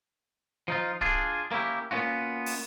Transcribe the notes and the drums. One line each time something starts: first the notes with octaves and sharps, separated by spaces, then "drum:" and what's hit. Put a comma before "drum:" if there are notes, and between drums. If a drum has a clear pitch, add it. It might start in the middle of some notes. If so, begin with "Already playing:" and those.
F3 D#4 F4
D4 F4 G#4, drum: kick D1
A#3 C#4 E4 G4
A#3 B3 C#4 F4 F#4
drum: open hi-hat